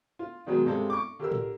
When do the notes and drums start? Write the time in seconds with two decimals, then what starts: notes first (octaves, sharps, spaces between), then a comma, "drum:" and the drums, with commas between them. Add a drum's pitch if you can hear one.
0.19 F4
0.46 B2 D#3 F#3 G#3
0.65 G2 C3 G#3 A4
0.90 C#6 D6
1.19 D3 G4 A#4 E6
1.32 drum: tom A2